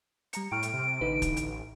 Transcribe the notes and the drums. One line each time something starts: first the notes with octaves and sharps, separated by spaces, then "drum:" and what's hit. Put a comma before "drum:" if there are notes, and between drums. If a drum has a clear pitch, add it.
G3 A#5 C#7, drum: hi-hat
A2 G5 C#6 F6 D7
drum: hi-hat
C3
A1 D3 D#4 B4
drum: kick, hi-hat
drum: hi-hat